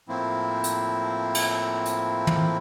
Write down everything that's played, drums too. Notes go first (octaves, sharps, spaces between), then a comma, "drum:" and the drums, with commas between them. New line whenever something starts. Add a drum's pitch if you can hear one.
A2 F3 A#3 C4 E4
drum: hi-hat
drum: cymbal
drum: hi-hat
drum: tom